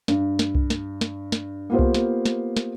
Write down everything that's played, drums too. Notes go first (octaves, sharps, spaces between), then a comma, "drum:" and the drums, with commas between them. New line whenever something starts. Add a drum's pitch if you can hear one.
G2, drum: snare
drum: snare
drum: kick C2
drum: snare
drum: snare
drum: snare
A#3 B3 F4 G4 C5
drum: kick C2
drum: snare
drum: snare
drum: snare